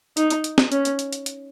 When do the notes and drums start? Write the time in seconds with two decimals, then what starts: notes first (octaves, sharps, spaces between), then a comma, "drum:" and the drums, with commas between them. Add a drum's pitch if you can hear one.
0.17 D#4, drum: hi-hat
0.30 drum: hi-hat
0.44 drum: hi-hat
0.58 drum: snare
0.72 C#4, drum: hi-hat
0.85 drum: hi-hat
0.99 drum: hi-hat
1.13 drum: hi-hat
1.26 drum: hi-hat